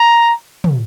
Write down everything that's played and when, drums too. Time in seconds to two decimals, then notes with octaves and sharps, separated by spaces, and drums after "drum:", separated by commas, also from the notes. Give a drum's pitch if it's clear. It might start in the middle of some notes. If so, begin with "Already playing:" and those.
Already playing: A#5
0.64 drum: tom